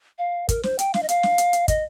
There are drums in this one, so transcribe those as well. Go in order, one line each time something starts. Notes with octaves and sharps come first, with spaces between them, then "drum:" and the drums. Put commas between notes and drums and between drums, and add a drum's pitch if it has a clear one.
F5
A#4, drum: kick, hi-hat
C5, drum: snare
G5, drum: hi-hat
F5, drum: snare
D#5
F5, drum: hi-hat
drum: snare
drum: hi-hat
drum: hi-hat
D#5, drum: kick, hi-hat